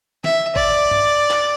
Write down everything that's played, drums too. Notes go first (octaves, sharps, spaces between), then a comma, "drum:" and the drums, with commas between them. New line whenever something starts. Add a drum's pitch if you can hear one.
E5, drum: snare
D5, drum: kick
drum: tom G2
drum: clap